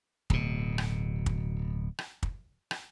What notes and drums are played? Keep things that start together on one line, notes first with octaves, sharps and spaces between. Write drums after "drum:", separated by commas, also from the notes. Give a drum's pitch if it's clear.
D1 B2, drum: kick
drum: rim click
drum: kick
drum: rim click
drum: kick
drum: rim click